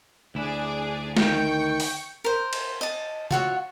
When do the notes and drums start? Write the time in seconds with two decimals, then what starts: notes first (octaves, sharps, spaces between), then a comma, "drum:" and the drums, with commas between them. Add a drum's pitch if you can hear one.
0.35 D2 D4 E4 G#4 D5
1.17 D#3 G5 C#6 G6, drum: snare
1.80 drum: open hi-hat
2.24 A#4 C5
2.53 drum: cymbal
2.81 D#5 A5
3.31 F4 F#4 C#5 E5, drum: tom C3